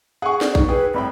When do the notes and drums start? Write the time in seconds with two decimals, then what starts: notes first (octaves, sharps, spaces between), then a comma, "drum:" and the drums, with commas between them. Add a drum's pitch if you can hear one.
0.22 G#4 F#5 G#5 C#6
0.41 D5, drum: snare
0.55 D#4, drum: kick
0.68 E4 G#4 B4 G5
0.94 C2 A2 G5 B5